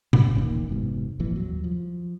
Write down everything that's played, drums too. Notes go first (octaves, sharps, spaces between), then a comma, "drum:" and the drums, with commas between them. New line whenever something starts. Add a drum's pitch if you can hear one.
G1, drum: tom A#2
D#1 A1 A#2 D#3
F1 G#2 B2
G#1 F2 A#2 E3
D#2 F#3
F3